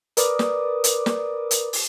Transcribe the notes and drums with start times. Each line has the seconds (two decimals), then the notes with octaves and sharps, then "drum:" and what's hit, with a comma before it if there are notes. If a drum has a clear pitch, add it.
0.17 A#4 B4 D5 D6 D#6, drum: hi-hat
0.39 drum: snare
0.84 drum: hi-hat
1.06 drum: snare
1.51 drum: hi-hat
1.73 drum: open hi-hat